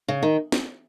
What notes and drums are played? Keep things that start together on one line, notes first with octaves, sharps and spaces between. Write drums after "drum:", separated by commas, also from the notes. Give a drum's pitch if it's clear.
C#3
D#3
drum: snare